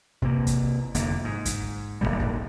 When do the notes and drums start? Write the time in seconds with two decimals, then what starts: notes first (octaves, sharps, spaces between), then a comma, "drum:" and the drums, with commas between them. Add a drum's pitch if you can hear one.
0.22 C3 A#3, drum: kick
0.47 drum: kick, hi-hat
0.95 F1 D3 A#3, drum: hi-hat
1.24 G#2
1.45 drum: kick, hi-hat
2.01 D1 D#2 A#2 G3
2.19 drum: kick